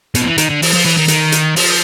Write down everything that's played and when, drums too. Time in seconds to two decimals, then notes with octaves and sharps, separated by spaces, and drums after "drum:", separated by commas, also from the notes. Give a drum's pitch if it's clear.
0.15 B2, drum: hi-hat
0.22 F3
0.26 E3
0.38 D#3, drum: hi-hat
0.49 D3
0.62 E3, drum: open hi-hat
0.73 F3
0.85 E3
0.97 D#3
1.08 D#3, drum: hi-hat
1.32 drum: hi-hat
1.56 F3, drum: open hi-hat